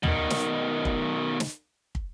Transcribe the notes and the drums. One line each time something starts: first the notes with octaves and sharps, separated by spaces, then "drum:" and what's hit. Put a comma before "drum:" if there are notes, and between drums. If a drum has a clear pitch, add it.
B2 D#3, drum: tom
drum: snare
drum: kick
drum: snare
drum: kick